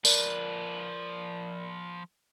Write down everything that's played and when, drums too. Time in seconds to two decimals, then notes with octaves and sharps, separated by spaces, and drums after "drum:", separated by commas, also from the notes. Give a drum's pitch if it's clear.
0.05 F3 A#4 B4 D5, drum: tambourine